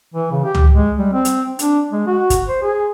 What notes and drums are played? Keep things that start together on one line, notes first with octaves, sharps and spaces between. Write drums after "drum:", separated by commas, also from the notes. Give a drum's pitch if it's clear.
E3
C#3
G4
drum: tom C#2
G#3
G3
C4
drum: hi-hat
D4, drum: hi-hat
G#3
F#4
drum: kick, hi-hat
C5
G#4